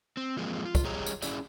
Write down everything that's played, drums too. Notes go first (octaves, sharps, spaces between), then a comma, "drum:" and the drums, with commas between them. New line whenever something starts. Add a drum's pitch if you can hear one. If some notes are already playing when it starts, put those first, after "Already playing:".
C4
E3 F3 G#3 A#3 C4
F4
drum: kick, tambourine
G3 G4 G#4 C#5 D#5 A#5
drum: tambourine
C#4 E4 G#4 D5, drum: tambourine